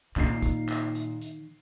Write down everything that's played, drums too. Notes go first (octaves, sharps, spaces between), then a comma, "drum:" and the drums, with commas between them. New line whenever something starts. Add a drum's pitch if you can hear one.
A#2 D#3 D#4 C7, drum: clap
drum: kick, hi-hat
drum: clap
drum: hi-hat
drum: hi-hat